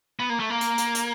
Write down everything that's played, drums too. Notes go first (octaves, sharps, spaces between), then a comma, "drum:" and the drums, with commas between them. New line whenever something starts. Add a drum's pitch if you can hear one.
B3
A#3
A3
A#3
drum: hi-hat
drum: hi-hat
drum: hi-hat